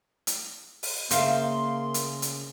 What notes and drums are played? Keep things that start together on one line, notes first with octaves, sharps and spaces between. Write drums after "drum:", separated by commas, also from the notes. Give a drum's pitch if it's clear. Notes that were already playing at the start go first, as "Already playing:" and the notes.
drum: hi-hat
drum: open hi-hat
C#3 A#3 C5 E5 F5 C6, drum: hi-hat
drum: hi-hat
drum: hi-hat